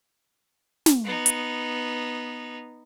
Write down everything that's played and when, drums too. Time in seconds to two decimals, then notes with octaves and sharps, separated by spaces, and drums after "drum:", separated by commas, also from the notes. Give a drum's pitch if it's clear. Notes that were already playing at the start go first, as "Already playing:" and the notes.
0.86 drum: snare
1.04 B3 D#4
1.26 drum: hi-hat